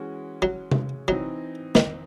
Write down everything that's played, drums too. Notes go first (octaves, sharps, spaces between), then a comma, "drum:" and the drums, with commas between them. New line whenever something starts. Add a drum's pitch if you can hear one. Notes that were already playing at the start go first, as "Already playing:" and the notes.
Already playing: E3 G#3 C#4 F#4
F#3
drum: tom C3
E3 F#3 C4 D#4
D#3, drum: snare